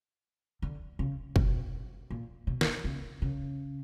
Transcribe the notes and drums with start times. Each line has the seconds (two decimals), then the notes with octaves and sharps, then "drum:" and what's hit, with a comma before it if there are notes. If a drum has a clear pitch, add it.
0.62 D3
0.99 C#3
1.36 B2, drum: kick
2.10 A#2
2.47 B2
2.61 drum: snare
2.84 C#3
3.22 C#3